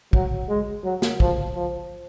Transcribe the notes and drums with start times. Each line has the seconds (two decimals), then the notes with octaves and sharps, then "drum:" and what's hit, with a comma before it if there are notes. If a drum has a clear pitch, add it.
0.13 F#3, drum: kick
0.49 G#3
0.84 F#3
1.02 drum: snare
1.20 F3, drum: kick
1.55 F3